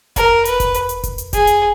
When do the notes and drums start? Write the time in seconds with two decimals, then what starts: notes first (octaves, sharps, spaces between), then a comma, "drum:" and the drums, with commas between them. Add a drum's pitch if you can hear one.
0.16 A#4, drum: kick F1, hi-hat
0.45 B4, drum: hi-hat
0.60 drum: kick F1, hi-hat
0.74 drum: hi-hat
0.89 drum: hi-hat
1.03 drum: kick F1, hi-hat
1.18 drum: hi-hat
1.33 G#4, drum: kick F1, hi-hat
1.47 drum: hi-hat